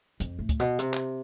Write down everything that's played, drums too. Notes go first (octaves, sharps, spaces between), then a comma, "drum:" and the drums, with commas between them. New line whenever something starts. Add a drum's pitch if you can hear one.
F2, drum: hi-hat
A2
drum: kick, hi-hat
B2
C3, drum: hi-hat
drum: clap